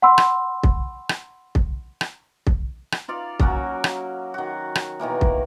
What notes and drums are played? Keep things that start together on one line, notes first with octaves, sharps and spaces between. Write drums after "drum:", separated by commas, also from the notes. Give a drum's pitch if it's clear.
F#5 B5 C6 E6
drum: rim click
drum: kick
drum: rim click
drum: kick
drum: rim click
drum: kick
drum: rim click
D#4 F4 D5 F5
F#3 A#3 C#4 F#4, drum: kick
drum: rim click
D#3 F#4
drum: rim click
B2 D#3 E3 A#3
drum: kick